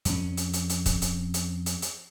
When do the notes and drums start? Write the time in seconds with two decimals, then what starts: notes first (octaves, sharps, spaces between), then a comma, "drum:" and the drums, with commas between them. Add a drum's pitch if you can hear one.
0.05 F2 C#4, drum: hi-hat
0.37 drum: hi-hat
0.53 drum: hi-hat
0.70 drum: hi-hat
0.86 drum: kick, hi-hat
1.02 drum: hi-hat
1.34 drum: hi-hat
1.66 drum: hi-hat
1.82 drum: hi-hat